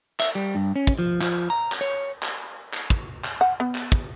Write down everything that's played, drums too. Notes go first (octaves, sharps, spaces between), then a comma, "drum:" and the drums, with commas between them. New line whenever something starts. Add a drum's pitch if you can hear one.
E5, drum: clap
G3
G2
C#4
drum: kick
F3
F3, drum: clap
A#5
drum: clap
C#5
drum: clap
drum: clap
drum: kick
drum: clap
F#5
B3
drum: clap
drum: kick